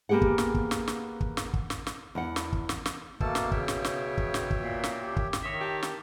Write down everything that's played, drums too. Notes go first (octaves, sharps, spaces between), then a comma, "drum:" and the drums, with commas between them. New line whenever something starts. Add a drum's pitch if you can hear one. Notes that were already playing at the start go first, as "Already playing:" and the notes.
A#3 B3 G4 G#4 F#5
drum: kick
drum: snare
drum: kick
drum: snare
drum: snare
drum: kick
drum: snare
drum: kick
drum: snare
drum: snare
E2 F#5
drum: snare
drum: kick
drum: snare
drum: snare
B2 A3 A#3 A4 A5, drum: kick
drum: snare
C#3 C#5 E5 G5, drum: kick
drum: snare
drum: snare
drum: kick
drum: snare
drum: kick
A#2
drum: snare
G4
drum: kick
drum: snare
D#3 C#5 D#5 E5
G4 A5
drum: snare